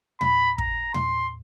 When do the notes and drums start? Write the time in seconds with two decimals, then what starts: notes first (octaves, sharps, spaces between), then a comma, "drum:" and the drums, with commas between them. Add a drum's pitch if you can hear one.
0.21 B5, drum: tom
0.58 A#5, drum: kick
0.94 C6, drum: tom